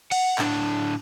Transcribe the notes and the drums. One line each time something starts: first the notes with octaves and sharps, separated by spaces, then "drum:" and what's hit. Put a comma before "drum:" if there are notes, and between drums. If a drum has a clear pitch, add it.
F#5, drum: cymbal
A2 D4, drum: clap